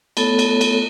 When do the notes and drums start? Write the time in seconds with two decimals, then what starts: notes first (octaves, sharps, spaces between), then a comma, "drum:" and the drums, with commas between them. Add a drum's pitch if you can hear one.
0.17 A3 B3 A4 C#5, drum: cymbal
0.39 drum: cymbal
0.61 drum: cymbal